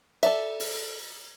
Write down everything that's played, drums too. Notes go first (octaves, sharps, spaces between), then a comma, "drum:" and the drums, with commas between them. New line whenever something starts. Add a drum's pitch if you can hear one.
A4 D5 E5, drum: cymbal
drum: open hi-hat